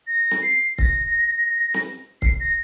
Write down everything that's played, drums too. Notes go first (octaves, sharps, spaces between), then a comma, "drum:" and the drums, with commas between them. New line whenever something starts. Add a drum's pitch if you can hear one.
A#6
drum: snare
C7
A#6, drum: kick C#1
drum: snare
C7, drum: kick C#1
A#6